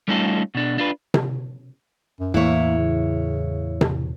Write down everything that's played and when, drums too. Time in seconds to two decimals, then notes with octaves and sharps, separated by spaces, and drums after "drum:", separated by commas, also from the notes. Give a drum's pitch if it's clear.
0.08 G3 A3 C#4 D#4 F4 A4
0.55 B2 D4
0.78 D4 F4 B4
1.14 drum: tom C3
2.20 F#2
2.34 E2 A2 E3 A#3 E4 C#5
2.78 C#3
3.81 drum: tom C3